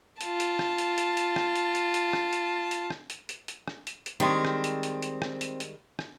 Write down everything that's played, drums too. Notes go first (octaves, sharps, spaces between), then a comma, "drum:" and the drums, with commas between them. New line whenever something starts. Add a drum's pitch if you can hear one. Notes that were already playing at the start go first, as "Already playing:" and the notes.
F4 A5, drum: hi-hat
drum: hi-hat
drum: rim click
drum: hi-hat
drum: hi-hat
drum: hi-hat
drum: rim click
drum: hi-hat
drum: hi-hat
drum: hi-hat
drum: rim click
drum: hi-hat
drum: hi-hat
drum: rim click
drum: hi-hat
drum: hi-hat
drum: hi-hat
drum: rim click
drum: hi-hat
drum: hi-hat
D#3 G3 G#3 C4
drum: rim click
drum: hi-hat
drum: hi-hat
drum: hi-hat
drum: rim click
drum: hi-hat
drum: hi-hat
drum: rim click